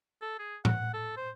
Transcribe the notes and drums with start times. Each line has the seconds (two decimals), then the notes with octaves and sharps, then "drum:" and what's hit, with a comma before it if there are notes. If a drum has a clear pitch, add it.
0.22 A4
0.39 G#4
0.65 F#5, drum: tom A2
0.94 A4
1.17 C5